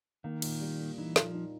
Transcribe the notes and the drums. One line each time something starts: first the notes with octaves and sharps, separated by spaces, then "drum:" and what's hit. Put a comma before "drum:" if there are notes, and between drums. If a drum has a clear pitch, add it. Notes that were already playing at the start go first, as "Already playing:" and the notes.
D#3 A#3
A#2, drum: cymbal
G3
A#3
E3 D#4
A#2, drum: snare
F3
D#4